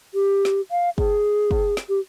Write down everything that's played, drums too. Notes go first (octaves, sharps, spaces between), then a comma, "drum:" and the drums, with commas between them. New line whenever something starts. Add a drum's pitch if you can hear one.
G4
drum: snare
F5
G#4, drum: kick
drum: kick
drum: snare
G4